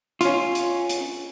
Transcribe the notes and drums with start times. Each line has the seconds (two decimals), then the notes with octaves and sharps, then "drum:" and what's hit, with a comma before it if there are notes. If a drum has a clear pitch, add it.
0.21 C#4 F4, drum: hi-hat
0.55 drum: hi-hat
0.89 drum: hi-hat